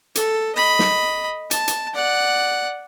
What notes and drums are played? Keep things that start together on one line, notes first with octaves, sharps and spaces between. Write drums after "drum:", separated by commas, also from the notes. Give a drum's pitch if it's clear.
A4, drum: hi-hat
D#5 B5
drum: snare
A5, drum: hi-hat
drum: hi-hat
D5 F#5